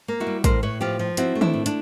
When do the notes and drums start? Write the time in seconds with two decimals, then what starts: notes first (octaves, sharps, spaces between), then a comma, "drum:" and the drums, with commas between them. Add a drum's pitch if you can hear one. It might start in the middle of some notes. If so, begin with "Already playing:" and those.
0.08 A#3
0.20 E4 F#4
0.27 G3
0.44 A2 A#4 C5, drum: kick, hi-hat
0.63 A2 B4 C#5
0.81 F3 F4 G4
0.99 F3
1.17 C4 E4 F#4, drum: hi-hat
1.35 A3
1.41 D4 E4, drum: tom D#3
1.54 A2
1.66 D4 E4, drum: hi-hat